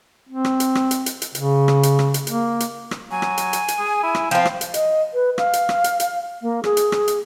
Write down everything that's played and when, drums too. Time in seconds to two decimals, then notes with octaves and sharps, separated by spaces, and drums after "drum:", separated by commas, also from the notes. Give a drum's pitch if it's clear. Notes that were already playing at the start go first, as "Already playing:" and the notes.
0.29 C4
0.45 drum: rim click
0.60 drum: hi-hat
0.75 drum: rim click
0.91 drum: hi-hat
1.06 drum: hi-hat
1.22 drum: hi-hat
1.35 C#3, drum: hi-hat
1.68 drum: rim click
1.83 drum: hi-hat
1.99 drum: rim click
2.14 drum: hi-hat
2.27 A#3, drum: hi-hat
2.60 drum: hi-hat
2.91 drum: rim click
3.11 F#3 G#5
3.22 drum: rim click
3.38 drum: hi-hat
3.53 drum: hi-hat
3.68 drum: hi-hat
3.79 G#4
4.03 E4
4.15 drum: rim click
4.31 F3 C4 G5
4.45 drum: rim click
4.61 drum: hi-hat
4.74 D#5, drum: hi-hat
5.14 B4
5.38 F5, drum: rim click
5.53 drum: hi-hat
5.69 drum: rim click
5.84 drum: hi-hat
6.00 drum: hi-hat
6.42 A#3
6.64 G#4, drum: rim click
6.77 drum: hi-hat
6.92 drum: rim click
7.08 drum: hi-hat